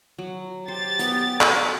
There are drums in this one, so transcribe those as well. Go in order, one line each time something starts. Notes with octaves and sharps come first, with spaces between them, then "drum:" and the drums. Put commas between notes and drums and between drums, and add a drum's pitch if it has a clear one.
F#3
G4 C5 A6
B3, drum: hi-hat
F#4, drum: clap